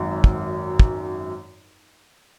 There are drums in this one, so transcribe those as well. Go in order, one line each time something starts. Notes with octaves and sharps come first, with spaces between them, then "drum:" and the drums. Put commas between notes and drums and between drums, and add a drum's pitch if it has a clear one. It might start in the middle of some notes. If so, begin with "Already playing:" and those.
Already playing: G#1 F#2
drum: kick
drum: kick